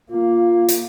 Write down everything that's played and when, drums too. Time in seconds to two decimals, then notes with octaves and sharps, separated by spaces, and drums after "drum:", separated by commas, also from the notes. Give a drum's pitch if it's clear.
0.11 A#3 F4
0.69 drum: hi-hat